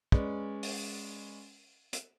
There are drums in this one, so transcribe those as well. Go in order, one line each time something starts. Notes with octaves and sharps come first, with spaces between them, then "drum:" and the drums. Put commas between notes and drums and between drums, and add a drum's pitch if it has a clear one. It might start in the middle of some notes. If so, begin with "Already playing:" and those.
G#3 C#4 B4 D5, drum: kick
drum: open hi-hat
drum: hi-hat